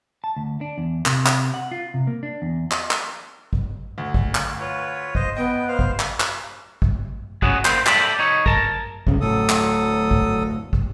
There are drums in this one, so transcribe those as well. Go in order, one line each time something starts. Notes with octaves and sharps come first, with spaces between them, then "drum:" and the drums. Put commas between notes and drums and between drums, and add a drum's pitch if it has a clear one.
A5
D2
D4
E2
C3, drum: clap
drum: clap
F#5
F4
C3
A#3
D4
E2
D#5, drum: clap
drum: clap
drum: kick
D2
drum: kick
drum: clap
F4 B4 C#5
C5 D#5, drum: kick
B3 D#5 G5
C5 F5
drum: kick
drum: clap
drum: clap
drum: kick
B3 C#4 F#4 G#4, drum: kick
A#3 C4 B4 C5, drum: clap
A4 D5 E5 G5 B5, drum: clap
D#4 C#5
A#4 A5, drum: kick
C2 C#3, drum: kick
D1 A2 F#3 A4 D#6
drum: clap
drum: kick
drum: kick